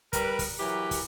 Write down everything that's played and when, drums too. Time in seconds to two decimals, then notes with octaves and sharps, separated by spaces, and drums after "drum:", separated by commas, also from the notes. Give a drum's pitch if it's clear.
0.13 G3 A#4 B4, drum: kick, hi-hat
0.39 drum: kick, open hi-hat
0.59 E3 F#3 E4 G4 A#4 B4
0.91 drum: kick, open hi-hat